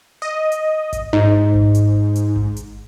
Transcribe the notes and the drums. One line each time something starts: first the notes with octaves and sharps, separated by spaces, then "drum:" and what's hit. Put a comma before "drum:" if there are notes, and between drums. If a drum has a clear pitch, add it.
D#5
drum: hi-hat
drum: kick G#1, hi-hat
G#2 D#4
drum: kick G#1
drum: hi-hat
drum: hi-hat
drum: kick G#1
drum: hi-hat